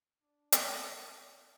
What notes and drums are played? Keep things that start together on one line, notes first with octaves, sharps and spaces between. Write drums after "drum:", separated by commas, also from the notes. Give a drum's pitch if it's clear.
D4
D#4, drum: hi-hat